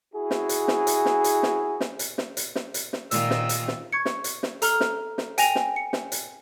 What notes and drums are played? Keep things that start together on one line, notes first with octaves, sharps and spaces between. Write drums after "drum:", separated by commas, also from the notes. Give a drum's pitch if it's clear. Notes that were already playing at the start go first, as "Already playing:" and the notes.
E4 F#4 G#4
drum: snare
drum: hi-hat
drum: snare
drum: hi-hat
drum: snare
drum: hi-hat
drum: snare
drum: snare
drum: hi-hat
drum: snare
drum: hi-hat
drum: snare
drum: hi-hat
drum: snare
A#2 D#3 F4 E6, drum: hi-hat
drum: snare
drum: hi-hat
drum: snare
C#6 G#6 C#7
drum: snare
drum: hi-hat
drum: snare
A4 A#5 F6 G7, drum: hi-hat
drum: snare
drum: snare
G5 G#5 A#6 F7, drum: hi-hat
drum: snare
C#7
drum: snare
drum: hi-hat